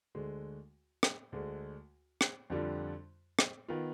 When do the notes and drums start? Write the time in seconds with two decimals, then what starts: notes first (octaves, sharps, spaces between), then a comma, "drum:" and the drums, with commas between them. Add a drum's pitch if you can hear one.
0.15 D2 D3 G#3
1.03 drum: rim click
1.32 D2 D3 G#3
2.21 drum: rim click
2.50 F2 D3 G3 D4 F4
3.39 drum: rim click
3.68 D#3 B3 F4